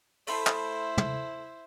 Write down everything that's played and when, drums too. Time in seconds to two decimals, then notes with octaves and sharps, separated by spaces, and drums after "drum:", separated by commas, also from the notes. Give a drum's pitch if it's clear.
0.27 A3 E4 C5 B5 C6, drum: open hi-hat
0.47 drum: clap
0.98 drum: tom